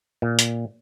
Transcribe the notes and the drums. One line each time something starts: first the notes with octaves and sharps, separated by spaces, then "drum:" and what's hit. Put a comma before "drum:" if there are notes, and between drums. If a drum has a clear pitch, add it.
A#2
drum: hi-hat